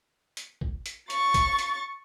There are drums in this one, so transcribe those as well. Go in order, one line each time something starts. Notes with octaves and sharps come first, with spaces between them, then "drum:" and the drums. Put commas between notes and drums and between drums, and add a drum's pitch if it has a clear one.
drum: hi-hat
drum: kick
drum: hi-hat
C#6 A6, drum: hi-hat
drum: kick, hi-hat
drum: hi-hat